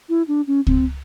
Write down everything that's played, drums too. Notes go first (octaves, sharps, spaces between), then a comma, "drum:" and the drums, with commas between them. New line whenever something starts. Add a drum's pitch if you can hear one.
E4
D4
C#4
C4, drum: kick C#2